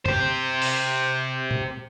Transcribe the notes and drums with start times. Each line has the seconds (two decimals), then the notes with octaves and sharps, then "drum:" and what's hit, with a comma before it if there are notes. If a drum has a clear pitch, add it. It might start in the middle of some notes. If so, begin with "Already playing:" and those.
0.06 G4 C5, drum: tom
0.62 drum: open hi-hat
1.51 drum: tom